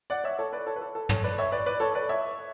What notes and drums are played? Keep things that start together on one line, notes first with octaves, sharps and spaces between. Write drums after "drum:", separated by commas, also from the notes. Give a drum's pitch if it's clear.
D5 F#5
C#5 E5
A4 C#5
B4 D5
A4 C#5
B4
A4
A4
A4 C#5, drum: tom
B4 D5
C#5 E5
B4 D5
B4 D5
A4 C#5
B4 D5
C#5 E5